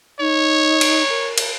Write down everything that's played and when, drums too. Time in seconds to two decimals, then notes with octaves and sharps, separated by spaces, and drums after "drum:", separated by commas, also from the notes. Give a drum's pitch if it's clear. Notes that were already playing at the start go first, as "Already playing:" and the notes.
0.20 D#4 C#5
0.81 drum: cymbal
1.09 A#4
1.38 drum: cymbal